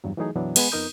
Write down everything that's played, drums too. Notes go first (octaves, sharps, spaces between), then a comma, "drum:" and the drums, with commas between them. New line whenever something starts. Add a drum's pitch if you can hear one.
E2 G2 F#3
E3 F#3 A3 D#4 G#4
F#2 B2 E3 F#3 B3 D4
G#3 B3 D#5 G#5 B5, drum: cymbal
F2 B3 D#4 A#4 D#6 G6